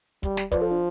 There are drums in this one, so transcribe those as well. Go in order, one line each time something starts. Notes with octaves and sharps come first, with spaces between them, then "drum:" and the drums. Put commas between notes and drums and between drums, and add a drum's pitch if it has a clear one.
G3, drum: kick, hi-hat
drum: snare
F3 B4 D5, drum: kick, hi-hat
A4 C5
D4 F4